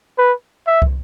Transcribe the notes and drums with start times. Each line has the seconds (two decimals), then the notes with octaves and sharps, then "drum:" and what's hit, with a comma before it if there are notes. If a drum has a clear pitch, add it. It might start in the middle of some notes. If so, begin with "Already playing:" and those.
0.18 B4
0.67 E5
0.82 drum: kick